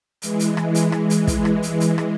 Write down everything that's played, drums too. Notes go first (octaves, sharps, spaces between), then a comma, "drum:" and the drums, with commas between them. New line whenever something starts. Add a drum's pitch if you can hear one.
E3 G#3, drum: hi-hat
drum: hi-hat
drum: rim click
drum: hi-hat
drum: rim click
drum: hi-hat
drum: kick, hi-hat
drum: rim click
drum: hi-hat
drum: hi-hat
drum: rim click